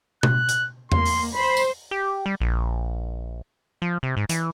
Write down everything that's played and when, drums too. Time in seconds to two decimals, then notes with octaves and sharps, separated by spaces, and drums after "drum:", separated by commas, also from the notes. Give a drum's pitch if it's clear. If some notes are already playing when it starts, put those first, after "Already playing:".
0.23 F#6, drum: tom B2
0.49 drum: hi-hat
0.92 A#3 C6, drum: tom E2
1.06 drum: open hi-hat
1.35 C5 B5
1.57 drum: tambourine
1.91 G4
2.26 G3
2.40 A#1
3.82 F3
4.03 C3
4.17 G#2
4.29 E3, drum: hi-hat